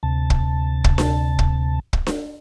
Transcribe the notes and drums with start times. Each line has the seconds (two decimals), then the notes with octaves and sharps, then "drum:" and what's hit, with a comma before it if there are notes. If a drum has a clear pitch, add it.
0.03 D2 C3 A5
0.30 drum: kick
0.84 drum: kick
0.98 drum: snare D4
1.39 drum: kick
1.93 drum: kick
2.07 drum: snare D4